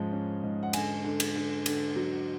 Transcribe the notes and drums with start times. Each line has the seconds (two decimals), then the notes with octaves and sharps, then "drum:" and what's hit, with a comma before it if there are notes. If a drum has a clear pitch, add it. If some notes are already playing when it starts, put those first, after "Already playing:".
Already playing: G#2 F3 G#3 C#4
0.13 C#4
0.43 G#2
0.63 F#5
0.73 D3 G#5, drum: cymbal
1.04 D3
1.20 drum: cymbal
1.35 D3
1.66 D3, drum: cymbal
1.96 F#3